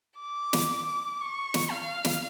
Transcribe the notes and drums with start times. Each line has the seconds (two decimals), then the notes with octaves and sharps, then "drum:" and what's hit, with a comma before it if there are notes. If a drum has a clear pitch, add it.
0.19 D6
0.53 drum: snare
1.20 C#6
1.54 drum: snare
1.71 F5
2.05 drum: snare